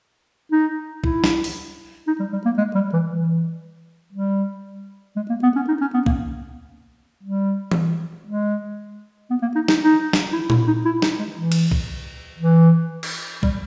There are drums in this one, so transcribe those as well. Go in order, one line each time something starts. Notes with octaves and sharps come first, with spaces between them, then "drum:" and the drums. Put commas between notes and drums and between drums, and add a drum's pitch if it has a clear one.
D#4
E4, drum: kick B1
drum: snare
drum: open hi-hat
D#4
G3
G3
A#3
G#3
G3
E3
E3
G3
G#3
A#3
B3
C#4
D#4
C#4
B3
A#3, drum: kick B1
G3
drum: tom E3
G#3
B3
A#3
D#4
D#4, drum: snare
D#4
drum: snare
E4
E4, drum: tom A#2
D#4
E4
D#4, drum: snare
G#3
E3
drum: cymbal
drum: kick B1
E3
drum: cymbal
G3, drum: kick B1